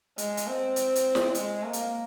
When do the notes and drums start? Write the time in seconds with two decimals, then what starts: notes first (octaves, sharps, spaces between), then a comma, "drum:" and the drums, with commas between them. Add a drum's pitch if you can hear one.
0.18 G#3, drum: hi-hat
0.37 drum: hi-hat
0.47 C4
0.76 drum: hi-hat
0.95 drum: hi-hat
1.15 drum: snare
1.35 G#3, drum: hi-hat
1.63 A#3
1.73 drum: hi-hat